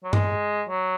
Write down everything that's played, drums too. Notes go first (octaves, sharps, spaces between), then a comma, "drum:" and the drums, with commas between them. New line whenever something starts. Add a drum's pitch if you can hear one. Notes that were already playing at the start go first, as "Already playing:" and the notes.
F#3
G#3, drum: tom G2
F#3